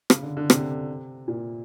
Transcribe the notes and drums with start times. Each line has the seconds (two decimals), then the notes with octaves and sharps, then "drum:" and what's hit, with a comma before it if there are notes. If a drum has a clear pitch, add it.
0.10 C#3, drum: rim click
0.23 D3
0.37 D3
0.50 C3, drum: rim click
1.28 A#2